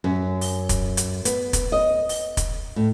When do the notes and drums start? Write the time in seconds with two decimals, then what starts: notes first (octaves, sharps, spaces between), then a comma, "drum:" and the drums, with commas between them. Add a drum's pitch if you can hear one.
0.04 F#2
0.41 drum: open hi-hat
0.69 drum: kick, hi-hat
0.97 drum: hi-hat
1.25 B3, drum: hi-hat
1.53 drum: kick, hi-hat
1.72 D#5
2.09 drum: open hi-hat
2.37 drum: kick, hi-hat
2.76 A2